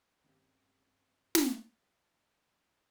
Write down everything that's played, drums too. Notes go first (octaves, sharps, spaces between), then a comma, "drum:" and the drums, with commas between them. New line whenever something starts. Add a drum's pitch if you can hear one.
G2 D#3 A#3 C4 C#4 G4
drum: snare